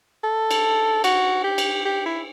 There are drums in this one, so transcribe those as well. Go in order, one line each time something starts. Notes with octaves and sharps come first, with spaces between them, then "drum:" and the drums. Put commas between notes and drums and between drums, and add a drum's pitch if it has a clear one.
A4
drum: cymbal
F#4, drum: cymbal
G4
drum: cymbal
G4
E4